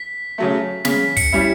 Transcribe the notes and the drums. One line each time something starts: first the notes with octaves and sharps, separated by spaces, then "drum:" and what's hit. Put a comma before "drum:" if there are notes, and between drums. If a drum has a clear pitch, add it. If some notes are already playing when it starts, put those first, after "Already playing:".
Already playing: B6
C#3 F#3 A3
C#3 B6, drum: snare
C#7, drum: kick, open hi-hat
G3 C#4 E4